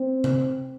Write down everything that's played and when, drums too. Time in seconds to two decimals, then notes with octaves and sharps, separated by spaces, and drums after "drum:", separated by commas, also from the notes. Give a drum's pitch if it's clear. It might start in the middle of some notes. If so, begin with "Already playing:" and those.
Already playing: C4
0.24 drum: tom C3